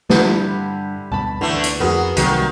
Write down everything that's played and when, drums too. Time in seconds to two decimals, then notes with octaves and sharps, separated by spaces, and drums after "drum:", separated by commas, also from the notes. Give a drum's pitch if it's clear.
0.10 G2 D3 G3 E4, drum: snare
1.12 D2 G2 B2 A5 B5
1.41 D2 D3 E3 A3
1.64 drum: hi-hat
1.80 F2 B3 F#4 G#4 A#4
2.17 C2 C3 D#3 F#3 G3 A#3, drum: hi-hat